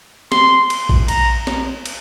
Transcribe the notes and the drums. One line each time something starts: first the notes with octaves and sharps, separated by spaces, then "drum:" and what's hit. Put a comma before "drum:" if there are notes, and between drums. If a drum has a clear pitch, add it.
C6, drum: snare
drum: cymbal
drum: kick A#1
A#5, drum: cymbal
drum: snare
drum: cymbal